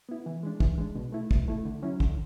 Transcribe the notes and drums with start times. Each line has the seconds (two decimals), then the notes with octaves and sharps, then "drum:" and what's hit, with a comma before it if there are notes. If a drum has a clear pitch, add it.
0.09 B3 E4
0.26 E3
0.43 G#3 D4
0.60 E3, drum: kick
0.78 G#3 D4
0.95 B2
1.12 A3 E4
1.31 B2, drum: kick
1.48 A3 E4
1.65 D3
1.82 F#3 C#4 E4
2.00 D3, drum: kick